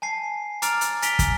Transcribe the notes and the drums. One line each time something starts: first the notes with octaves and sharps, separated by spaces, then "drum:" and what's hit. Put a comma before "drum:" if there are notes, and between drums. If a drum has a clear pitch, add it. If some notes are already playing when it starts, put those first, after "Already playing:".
G#5 A5 C7
A#5 D6 F6 A6 D7 F7, drum: hi-hat
drum: hi-hat
G#5 A#6 B6 D7 F7 G7, drum: hi-hat
drum: kick, hi-hat